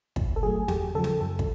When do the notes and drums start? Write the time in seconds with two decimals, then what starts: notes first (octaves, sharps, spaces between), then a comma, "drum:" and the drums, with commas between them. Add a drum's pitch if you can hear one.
0.16 A#2, drum: kick
0.36 A4
0.43 F#3 A3 G#4
0.68 E2 G4, drum: snare
0.95 C#3 F3 A4
1.04 drum: snare
1.21 F#2 A4
1.39 drum: kick